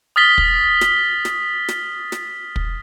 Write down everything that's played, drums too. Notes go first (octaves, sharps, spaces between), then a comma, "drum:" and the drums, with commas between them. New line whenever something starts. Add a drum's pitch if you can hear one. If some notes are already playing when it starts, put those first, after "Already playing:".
D#6 F6 A6 B6 G7
drum: kick
drum: snare
drum: snare
drum: snare
drum: snare
drum: kick